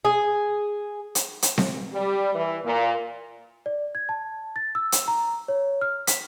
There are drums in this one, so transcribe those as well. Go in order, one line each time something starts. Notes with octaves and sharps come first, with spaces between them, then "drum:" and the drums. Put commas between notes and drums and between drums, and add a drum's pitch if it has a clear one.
G#4
drum: hi-hat
drum: hi-hat
drum: snare C4
G3
E3
A#2
D5
G#6
A5
A6
E6
drum: hi-hat
A#5
C#5
F6
B6, drum: hi-hat